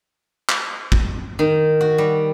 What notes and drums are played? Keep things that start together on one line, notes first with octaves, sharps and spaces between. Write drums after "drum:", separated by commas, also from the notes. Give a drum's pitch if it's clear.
drum: clap
drum: kick
D#3
F#4
G3